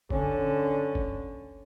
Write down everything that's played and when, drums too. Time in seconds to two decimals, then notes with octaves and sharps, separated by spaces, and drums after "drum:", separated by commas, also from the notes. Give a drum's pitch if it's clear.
0.10 D3 C#4, drum: kick G1
0.95 drum: kick G1